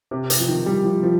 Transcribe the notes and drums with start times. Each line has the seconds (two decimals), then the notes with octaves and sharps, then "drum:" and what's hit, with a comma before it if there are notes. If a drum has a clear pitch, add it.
0.11 C3
0.30 C3, drum: hi-hat
0.38 F3
0.48 D#3
0.66 G3
0.84 F3
1.03 F3